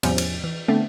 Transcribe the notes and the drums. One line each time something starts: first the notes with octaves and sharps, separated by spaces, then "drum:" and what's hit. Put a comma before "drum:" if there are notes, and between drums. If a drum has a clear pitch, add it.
E2 A2 C3 F3 G3 C#4, drum: cymbal
drum: cymbal
E3
D3 A3 B3 C4 D4